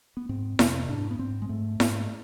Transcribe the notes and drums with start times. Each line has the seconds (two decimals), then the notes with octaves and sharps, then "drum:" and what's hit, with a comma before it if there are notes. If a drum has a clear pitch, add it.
0.17 B3
0.29 G#2 C4
0.59 F2 C3, drum: snare E4
0.89 G#2 D4
1.11 B3
1.19 G#2 C4
1.42 G#3
1.49 G#2 A3
1.80 G#2, drum: snare E4